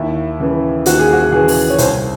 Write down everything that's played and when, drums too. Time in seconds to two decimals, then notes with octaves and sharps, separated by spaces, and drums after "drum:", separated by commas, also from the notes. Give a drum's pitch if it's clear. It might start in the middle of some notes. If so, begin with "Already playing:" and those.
Already playing: D#2 E4
0.40 C#3 E3
0.86 D#2 F#4, drum: hi-hat
0.99 G#4
1.13 F#4
1.32 C#3 E3 G#4
1.48 drum: open hi-hat
1.70 C#5
1.78 C2 C5, drum: hi-hat